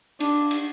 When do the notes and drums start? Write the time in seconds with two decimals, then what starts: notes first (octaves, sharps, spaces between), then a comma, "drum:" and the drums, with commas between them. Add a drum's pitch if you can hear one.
0.20 D4, drum: cymbal
0.51 drum: cymbal